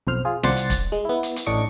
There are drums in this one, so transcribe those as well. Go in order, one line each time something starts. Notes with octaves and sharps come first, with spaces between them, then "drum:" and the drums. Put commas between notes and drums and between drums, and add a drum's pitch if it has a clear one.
B1 F2 C5 F6
F4 G#4
C2 C5 D5 F#5 C6 A6, drum: snare
drum: hi-hat
drum: kick, hi-hat
G#3
B3 E4
drum: hi-hat
drum: hi-hat
A1 A2 D4 D#5 C#6 D6